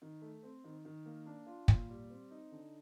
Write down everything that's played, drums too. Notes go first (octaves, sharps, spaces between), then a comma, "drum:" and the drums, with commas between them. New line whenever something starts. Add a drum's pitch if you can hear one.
D#3
A3
C4
D#3
D#3
A#3
D4
F4
A#2, drum: kick
G3
C4
D#4
D3